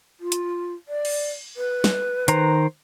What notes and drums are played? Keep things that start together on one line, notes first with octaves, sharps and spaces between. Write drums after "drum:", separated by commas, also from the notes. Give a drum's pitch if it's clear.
F4
drum: hi-hat
D5
drum: cymbal
B4
drum: snare
D#3 C5 A#5, drum: hi-hat